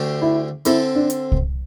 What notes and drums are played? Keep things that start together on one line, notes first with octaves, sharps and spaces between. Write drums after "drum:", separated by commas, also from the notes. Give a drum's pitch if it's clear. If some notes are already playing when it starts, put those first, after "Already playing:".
Already playing: D2 D3 A3 D4 G4
E4
D3 C4 E4 A4, drum: hi-hat
D4
drum: hi-hat
drum: kick C2